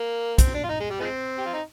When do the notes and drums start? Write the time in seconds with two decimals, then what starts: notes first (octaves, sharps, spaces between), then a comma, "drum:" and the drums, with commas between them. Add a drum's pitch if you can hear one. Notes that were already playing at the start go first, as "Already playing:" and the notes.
Already playing: A#3
0.38 C4, drum: kick, hi-hat
0.54 D4
0.64 F4
0.69 D#4
0.80 G#3
0.90 G3
1.00 F3 G#3 C4
1.38 G4
1.46 F4
1.54 D#4